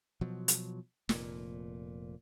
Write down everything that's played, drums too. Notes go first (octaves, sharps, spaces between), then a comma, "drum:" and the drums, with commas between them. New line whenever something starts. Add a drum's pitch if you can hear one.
B2 F3 F#3
drum: hi-hat
F1 A#2, drum: snare